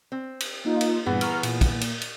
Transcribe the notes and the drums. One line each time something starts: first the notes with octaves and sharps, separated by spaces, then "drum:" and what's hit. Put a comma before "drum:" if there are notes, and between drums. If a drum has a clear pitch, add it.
C4
drum: cymbal
A#3 D#4 F4
drum: cymbal
G2 A#2 E3 B3 G#4
A#5 C#6 F6, drum: cymbal
A#2, drum: cymbal
drum: kick, cymbal
drum: cymbal
drum: cymbal